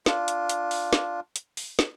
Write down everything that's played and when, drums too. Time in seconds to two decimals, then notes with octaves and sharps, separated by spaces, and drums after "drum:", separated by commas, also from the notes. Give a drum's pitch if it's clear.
0.06 D4 F4, drum: snare
0.28 drum: hi-hat
0.49 drum: hi-hat
0.71 drum: open hi-hat
0.93 drum: snare
1.36 drum: hi-hat
1.57 drum: open hi-hat
1.79 drum: snare